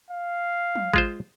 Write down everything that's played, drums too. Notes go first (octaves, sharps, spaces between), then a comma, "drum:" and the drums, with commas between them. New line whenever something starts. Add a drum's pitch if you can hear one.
F5
drum: tom
G#3 F4 C5, drum: kick G#1